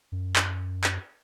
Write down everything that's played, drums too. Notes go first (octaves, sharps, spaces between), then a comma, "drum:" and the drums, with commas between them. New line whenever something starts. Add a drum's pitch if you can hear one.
F#2
drum: clap
drum: clap